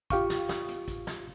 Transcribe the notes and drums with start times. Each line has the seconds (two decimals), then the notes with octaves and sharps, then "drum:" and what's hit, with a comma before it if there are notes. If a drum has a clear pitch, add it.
0.10 F4 G4 F5 C#6, drum: kick, hi-hat
0.30 drum: snare
0.49 drum: snare
0.68 drum: hi-hat
0.88 drum: kick, hi-hat
1.07 drum: snare